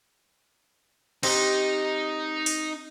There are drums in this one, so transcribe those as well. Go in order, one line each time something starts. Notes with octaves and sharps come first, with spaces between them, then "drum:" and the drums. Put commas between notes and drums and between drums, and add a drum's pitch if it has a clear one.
C4 D#4 G4, drum: cymbal
drum: open hi-hat